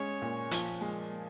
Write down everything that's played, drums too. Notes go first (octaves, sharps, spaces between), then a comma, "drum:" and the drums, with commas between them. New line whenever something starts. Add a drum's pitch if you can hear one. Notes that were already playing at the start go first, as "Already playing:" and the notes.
Already playing: G#3 C#4 C#5
A#2
F3, drum: hi-hat
G#3